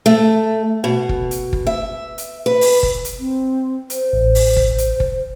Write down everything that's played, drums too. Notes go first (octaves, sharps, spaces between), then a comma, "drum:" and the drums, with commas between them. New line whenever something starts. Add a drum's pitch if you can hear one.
A3
B2
drum: kick
drum: hi-hat
drum: kick
E5
drum: hi-hat
B4
drum: open hi-hat
drum: kick
drum: hi-hat
C4
C5, drum: hi-hat
A1
drum: open hi-hat
drum: kick
drum: hi-hat
drum: kick